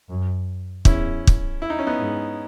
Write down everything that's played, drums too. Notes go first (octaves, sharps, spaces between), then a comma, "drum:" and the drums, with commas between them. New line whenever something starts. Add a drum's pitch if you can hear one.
F#2
E2 C#4 E4, drum: kick
drum: kick
E4
D#4
C#4
B3 D#4
G#2